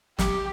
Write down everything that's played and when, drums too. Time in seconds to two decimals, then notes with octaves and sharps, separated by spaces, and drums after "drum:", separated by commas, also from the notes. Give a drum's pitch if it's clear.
0.19 G4, drum: snare